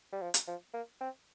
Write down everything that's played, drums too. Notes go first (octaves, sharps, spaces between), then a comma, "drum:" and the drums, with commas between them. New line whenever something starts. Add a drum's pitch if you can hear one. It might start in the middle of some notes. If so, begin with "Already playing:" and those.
G3
F3
drum: hi-hat
F3
A#3
C4